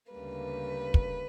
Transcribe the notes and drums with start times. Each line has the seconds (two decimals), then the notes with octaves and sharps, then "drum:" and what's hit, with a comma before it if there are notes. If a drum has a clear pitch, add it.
0.11 D2 C#3 G3 A#3 B4
0.94 drum: kick